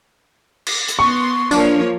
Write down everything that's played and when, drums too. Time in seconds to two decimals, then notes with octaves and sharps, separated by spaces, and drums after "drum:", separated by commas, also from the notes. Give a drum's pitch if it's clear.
0.67 drum: cymbal
0.88 drum: hi-hat
0.99 B3 C6 C#6
1.51 F3 A#3 D4 C#5, drum: tambourine